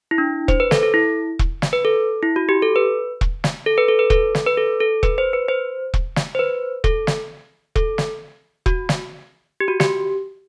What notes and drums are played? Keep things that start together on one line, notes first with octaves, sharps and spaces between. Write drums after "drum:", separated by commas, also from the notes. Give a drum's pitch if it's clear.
E4
D4
C5, drum: kick E1
B4
A4, drum: snare
A4
E4
drum: kick E1
drum: snare
B4
A4
E4
F#4
G4
A4
B4
drum: kick E1
drum: snare
A4
B4
A4
B4
A4, drum: kick E1
drum: snare
B4
A4
A4
B4, drum: kick E1
C5
B4
C5
drum: kick E1
drum: snare
C5
B4
A4, drum: kick E1
drum: snare
A4, drum: kick E1
drum: snare
F#4, drum: kick E1
drum: snare
G4
F#4
G4, drum: snare